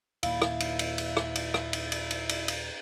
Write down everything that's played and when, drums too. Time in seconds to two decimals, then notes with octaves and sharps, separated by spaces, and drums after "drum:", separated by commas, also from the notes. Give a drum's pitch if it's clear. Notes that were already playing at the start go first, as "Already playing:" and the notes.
0.23 D#2 A#2 A#3 E4 F5, drum: cymbal
0.42 drum: rim click
0.60 drum: cymbal
0.79 drum: cymbal
0.98 drum: cymbal
1.17 drum: rim click
1.35 drum: cymbal
1.54 drum: rim click
1.73 drum: cymbal
1.92 drum: cymbal
2.11 drum: cymbal
2.29 drum: cymbal
2.48 drum: cymbal